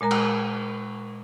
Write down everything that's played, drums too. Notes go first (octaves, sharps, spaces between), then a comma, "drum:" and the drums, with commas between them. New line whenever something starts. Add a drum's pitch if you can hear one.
A#2 G#3 A#4 A#5
drum: cymbal